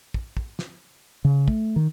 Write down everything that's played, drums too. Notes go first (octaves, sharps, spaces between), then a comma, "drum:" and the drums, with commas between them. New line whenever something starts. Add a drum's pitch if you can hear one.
drum: kick
drum: kick
drum: snare
C#3
A3, drum: kick
D#3